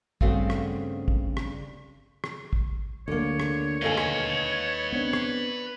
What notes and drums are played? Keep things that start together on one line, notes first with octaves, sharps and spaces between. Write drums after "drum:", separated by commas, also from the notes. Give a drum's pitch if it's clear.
G2 C#3 A3 C4 F#4, drum: kick
drum: rim click
drum: kick
drum: rim click
drum: rim click
drum: kick
D2 D3 A#3 C#5
drum: rim click
D#2 A4 B4 F5 G#5
drum: rim click
B3 C4 D4
drum: rim click